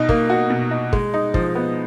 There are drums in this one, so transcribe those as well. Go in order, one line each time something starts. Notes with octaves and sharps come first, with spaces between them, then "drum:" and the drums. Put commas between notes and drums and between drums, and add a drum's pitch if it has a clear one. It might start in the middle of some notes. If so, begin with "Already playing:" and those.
Already playing: B2 D#4
A#3, drum: kick
F#4
B2
D#4
G#3, drum: kick
D#4
F3, drum: kick
B3